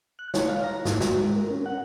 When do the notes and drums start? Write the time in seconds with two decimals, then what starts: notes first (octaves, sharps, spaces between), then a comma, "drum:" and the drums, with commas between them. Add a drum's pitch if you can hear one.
0.19 F#6
0.34 C#5, drum: snare
0.48 F5
0.64 A#5
0.85 G#2, drum: snare
1.00 F#4, drum: snare
1.17 G#3
1.36 A#4
1.50 C#4
1.66 F#5